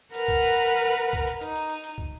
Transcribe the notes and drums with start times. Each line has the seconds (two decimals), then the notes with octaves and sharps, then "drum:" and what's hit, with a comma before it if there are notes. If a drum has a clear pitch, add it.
0.14 A#4 B4 F#5 F6, drum: hi-hat
0.28 drum: kick, hi-hat
0.42 drum: hi-hat
0.57 drum: hi-hat
0.71 drum: hi-hat
1.13 drum: kick, hi-hat
1.27 drum: hi-hat
1.41 D#4, drum: hi-hat
1.56 drum: hi-hat
1.70 drum: hi-hat
1.84 drum: hi-hat
1.98 drum: kick